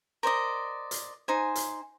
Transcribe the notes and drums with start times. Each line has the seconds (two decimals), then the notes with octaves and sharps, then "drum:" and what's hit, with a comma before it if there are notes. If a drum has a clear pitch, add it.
0.23 A#4 C5 D5 D#5
0.91 drum: hi-hat
1.28 D#4 C5 G#5
1.55 drum: hi-hat